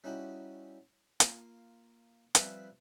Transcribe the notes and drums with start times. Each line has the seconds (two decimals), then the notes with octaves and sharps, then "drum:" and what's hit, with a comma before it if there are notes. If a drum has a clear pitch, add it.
0.04 G3 C#4 D#4 E4 F#4 G4
1.20 A#3 F4, drum: hi-hat
2.35 F3 G3 C4 F4 B4 E5, drum: hi-hat